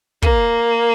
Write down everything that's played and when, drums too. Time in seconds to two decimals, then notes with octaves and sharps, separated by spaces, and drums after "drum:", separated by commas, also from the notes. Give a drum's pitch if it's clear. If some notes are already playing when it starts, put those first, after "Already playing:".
0.22 A#3, drum: kick